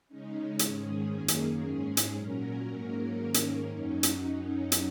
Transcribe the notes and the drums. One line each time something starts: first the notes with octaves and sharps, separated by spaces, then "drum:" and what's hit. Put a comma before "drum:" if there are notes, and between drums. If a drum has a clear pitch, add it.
C#3 G#3 C#4 D#4
G#2 D#3 G#3 C#4 G#4, drum: hi-hat
F#2 D#3 A#3 C#4 G#4
drum: hi-hat
G#2 G#3 C#4
drum: hi-hat
A#2 F#3 C#4 A#4
G#2 F#3 A#3 C#4
G#2 D#3 A#3 C#4 A#4
drum: hi-hat
F#2 F#3 C#4 D#4
drum: hi-hat
drum: hi-hat